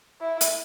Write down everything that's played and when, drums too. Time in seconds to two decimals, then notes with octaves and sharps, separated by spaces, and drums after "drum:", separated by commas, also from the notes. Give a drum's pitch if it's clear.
0.21 E4
0.41 drum: hi-hat